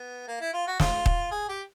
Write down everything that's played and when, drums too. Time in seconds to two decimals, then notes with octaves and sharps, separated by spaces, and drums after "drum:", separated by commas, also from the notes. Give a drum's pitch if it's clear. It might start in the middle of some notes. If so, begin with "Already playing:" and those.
Already playing: B3
0.28 A#3
0.41 E4
0.54 F4
0.67 F#4
0.80 F4, drum: snare
1.06 drum: kick D#1
1.31 G#4
1.49 G4